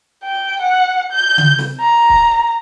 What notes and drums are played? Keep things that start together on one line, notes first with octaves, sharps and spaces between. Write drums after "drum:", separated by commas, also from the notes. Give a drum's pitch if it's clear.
G5
F#5
G6
drum: tom C#3
drum: snare
A#5
drum: kick C#1